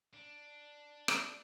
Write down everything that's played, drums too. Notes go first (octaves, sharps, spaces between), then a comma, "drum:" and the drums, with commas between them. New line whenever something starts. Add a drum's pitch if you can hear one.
D4
drum: rim click